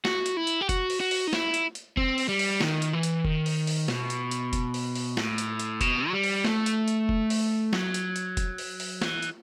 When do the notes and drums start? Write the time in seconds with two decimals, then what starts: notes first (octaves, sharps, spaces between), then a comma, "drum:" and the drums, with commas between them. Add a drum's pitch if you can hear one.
0.05 F#4, drum: snare
0.26 drum: hi-hat
0.37 E4
0.47 drum: hi-hat
0.61 G4
0.69 F#4, drum: kick, hi-hat
0.90 drum: open hi-hat
1.00 F#4
1.11 drum: open hi-hat
1.27 D#4
1.33 E4, drum: snare
1.54 drum: hi-hat
1.75 drum: hi-hat
1.97 C4, drum: kick
2.18 drum: open hi-hat
2.28 G3
2.39 drum: open hi-hat
2.61 D#3, drum: snare
2.82 drum: hi-hat
2.93 E3
3.03 drum: hi-hat
3.25 D#3, drum: kick
3.46 drum: open hi-hat
3.67 drum: open hi-hat
3.88 B2, drum: snare
4.10 drum: hi-hat
4.31 drum: hi-hat
4.53 drum: kick, hi-hat
4.74 drum: open hi-hat
4.95 drum: open hi-hat
5.17 A2, drum: snare
5.38 drum: hi-hat
5.60 drum: hi-hat
5.81 B2, drum: kick, hi-hat
6.08 F#3
6.13 G3
6.24 drum: open hi-hat
6.45 A3, drum: snare
6.66 drum: hi-hat
6.88 drum: hi-hat
7.09 drum: kick
7.30 drum: open hi-hat
7.73 F#3, drum: snare
7.94 drum: hi-hat
8.16 drum: hi-hat
8.37 drum: kick, hi-hat
8.58 drum: open hi-hat
8.80 drum: open hi-hat
9.01 E3, drum: snare
9.22 drum: hi-hat